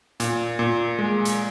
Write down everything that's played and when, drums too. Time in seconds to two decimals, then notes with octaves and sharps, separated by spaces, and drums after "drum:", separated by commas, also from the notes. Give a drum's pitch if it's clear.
0.20 A#2, drum: hi-hat
0.59 A#2
0.99 G#3
1.25 drum: hi-hat